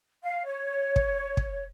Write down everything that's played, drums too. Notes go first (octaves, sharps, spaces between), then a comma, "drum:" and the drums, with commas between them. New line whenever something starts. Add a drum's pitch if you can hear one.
F5
C#5
drum: kick
drum: kick